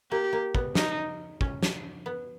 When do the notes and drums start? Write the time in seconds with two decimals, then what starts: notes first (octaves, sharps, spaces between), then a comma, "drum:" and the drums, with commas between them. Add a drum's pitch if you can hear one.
0.11 A#3 G4
0.33 A#3
0.55 B3, drum: kick
0.75 D#4, drum: snare
1.41 C#4, drum: kick
1.63 drum: snare
2.06 B3